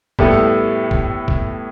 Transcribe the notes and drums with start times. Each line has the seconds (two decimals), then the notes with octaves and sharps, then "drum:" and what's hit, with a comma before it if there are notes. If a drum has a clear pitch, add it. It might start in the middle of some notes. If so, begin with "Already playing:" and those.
0.19 A2 G3 B3 E4 A4, drum: kick
0.91 drum: kick
1.28 drum: kick